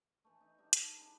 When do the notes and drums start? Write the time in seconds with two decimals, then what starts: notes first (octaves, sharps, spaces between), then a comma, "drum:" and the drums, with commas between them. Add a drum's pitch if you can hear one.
0.24 E3 A3
0.41 D#4
0.58 G3 D#4
0.73 G4 A4 A#4, drum: hi-hat
0.97 D4 E4 G#4 B4